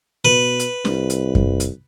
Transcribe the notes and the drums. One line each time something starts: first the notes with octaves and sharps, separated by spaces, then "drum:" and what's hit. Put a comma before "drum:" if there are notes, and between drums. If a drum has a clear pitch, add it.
B2 B4
drum: hi-hat
C2, drum: snare
drum: hi-hat
drum: kick F#2
drum: hi-hat